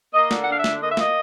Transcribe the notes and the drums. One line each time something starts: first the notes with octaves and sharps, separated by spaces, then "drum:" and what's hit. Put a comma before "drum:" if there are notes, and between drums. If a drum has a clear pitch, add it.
A#3 D#5
D3, drum: snare
F#5
D4 F5
E5
D3, drum: snare
A#3 D#5
E5
A#3 D#5, drum: snare